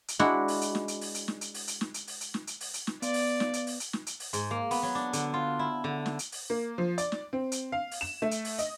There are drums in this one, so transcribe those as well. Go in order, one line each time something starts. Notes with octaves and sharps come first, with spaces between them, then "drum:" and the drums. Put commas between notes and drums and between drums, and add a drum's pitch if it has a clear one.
drum: hi-hat
G#3 D4 E4 F#4, drum: snare
drum: open hi-hat
drum: hi-hat
drum: snare
drum: hi-hat
drum: open hi-hat
drum: hi-hat
drum: snare
drum: hi-hat
drum: open hi-hat
drum: hi-hat
drum: snare
drum: hi-hat
drum: open hi-hat
drum: hi-hat
drum: snare
drum: hi-hat
drum: open hi-hat
drum: hi-hat
drum: snare
B3 D5, drum: hi-hat
drum: open hi-hat
drum: snare
drum: hi-hat
drum: open hi-hat
drum: hi-hat
drum: snare
drum: hi-hat
drum: open hi-hat
G#2, drum: hi-hat
A#3
B3, drum: open hi-hat
F#3
D4
D3, drum: hi-hat
F4
E4
D3
drum: snare
drum: hi-hat
drum: open hi-hat
A#3
F3
D5, drum: hi-hat
drum: snare
C4
drum: hi-hat
F5
drum: open hi-hat
E7
A3
drum: hi-hat
drum: open hi-hat
D#5, drum: hi-hat